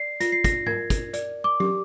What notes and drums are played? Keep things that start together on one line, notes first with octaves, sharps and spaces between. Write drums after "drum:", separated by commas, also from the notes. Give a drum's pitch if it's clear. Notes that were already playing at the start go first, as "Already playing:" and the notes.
Already playing: D5 C7
F4 A#6, drum: hi-hat
C7
A#6, drum: kick, hi-hat
A#4 G#6, drum: tom
drum: kick, hi-hat
D5, drum: hi-hat
D6
G4, drum: tom